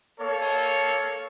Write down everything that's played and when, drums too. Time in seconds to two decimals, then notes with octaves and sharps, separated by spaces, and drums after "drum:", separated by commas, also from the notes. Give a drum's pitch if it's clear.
0.19 A#3 A4 C#5
0.42 drum: open hi-hat
0.87 drum: hi-hat